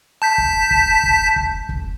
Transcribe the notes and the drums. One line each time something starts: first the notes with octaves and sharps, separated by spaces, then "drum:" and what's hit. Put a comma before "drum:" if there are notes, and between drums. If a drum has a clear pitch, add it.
A5 G6 B6
drum: kick
drum: kick
drum: kick
drum: kick
drum: kick